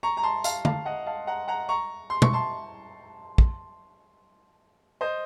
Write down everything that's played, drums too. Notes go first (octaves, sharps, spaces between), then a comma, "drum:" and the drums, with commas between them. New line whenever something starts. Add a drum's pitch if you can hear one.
A#5 C#6
A#5
A5 C6
F5 A5, drum: tambourine
F5 A5, drum: tom
D#5 F#5
F5 A5
F#5 A#5
F#5 A#5
A#5 C#6
C6
C#6, drum: tom
A5 C6
drum: kick
C5 D#5